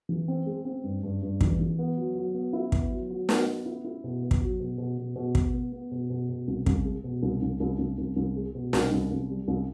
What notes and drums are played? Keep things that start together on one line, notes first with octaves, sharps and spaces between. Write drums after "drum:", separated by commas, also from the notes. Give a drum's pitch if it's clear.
E3
C4
G#3
C4
G2
G2
G2
E3, drum: kick
E3
B3
F#3
F#3
B3
E4
B3, drum: kick
F#3
F#3
B3, drum: snare
B3
E4
E4
B2
B3
drum: kick
F#3
B2
B2
B2
B2
B2, drum: kick
B3
B3
B2
B2
B2
C2
C2, drum: kick
G#3
B2
C2
C2
C2
C2
C2
C2
G#3
B2
C2, drum: snare
C2
C2
G3
C2